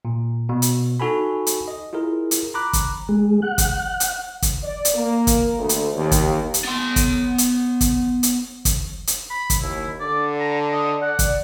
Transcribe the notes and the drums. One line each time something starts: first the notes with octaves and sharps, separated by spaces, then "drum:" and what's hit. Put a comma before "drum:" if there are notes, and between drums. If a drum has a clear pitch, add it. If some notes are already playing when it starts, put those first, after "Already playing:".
A#2
B2
drum: hi-hat
D#4 F#4 A4 G#5 B5
drum: hi-hat
D#5
E4 F4 G#4 A#4
drum: hi-hat
A#5 B5 D6 F#6
drum: kick, hi-hat
G#3
F#5
drum: kick, hi-hat
drum: hi-hat
drum: kick, hi-hat
D5
drum: hi-hat
A#3
drum: kick, hi-hat
D2
drum: hi-hat
D#2
drum: kick, hi-hat
drum: hi-hat
B3 C6
drum: kick, hi-hat
drum: hi-hat
drum: kick, hi-hat
drum: hi-hat
drum: kick, hi-hat
drum: hi-hat
B5
drum: kick, hi-hat
D#2 E4
D3 D5
A#5
D#5
D5 F#5
drum: kick, hi-hat